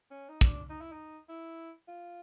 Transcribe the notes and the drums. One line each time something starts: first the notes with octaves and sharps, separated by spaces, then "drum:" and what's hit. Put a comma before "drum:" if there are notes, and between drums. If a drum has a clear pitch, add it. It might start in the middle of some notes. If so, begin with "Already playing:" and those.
C#4
D#4
D4, drum: kick
D#4
E4
D#4
E4
F4